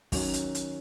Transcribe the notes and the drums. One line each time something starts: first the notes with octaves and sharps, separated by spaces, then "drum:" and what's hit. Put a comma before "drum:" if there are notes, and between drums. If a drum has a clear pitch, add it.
D#3 F#3 C#4, drum: kick, open hi-hat
drum: hi-hat
drum: hi-hat